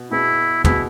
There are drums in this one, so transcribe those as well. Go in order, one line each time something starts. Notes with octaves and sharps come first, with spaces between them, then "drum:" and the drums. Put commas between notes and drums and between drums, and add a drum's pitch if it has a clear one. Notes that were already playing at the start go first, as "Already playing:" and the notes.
Already playing: B2 B3
B2 B3 E4 G#4
B2 B3 E4 G#4, drum: tom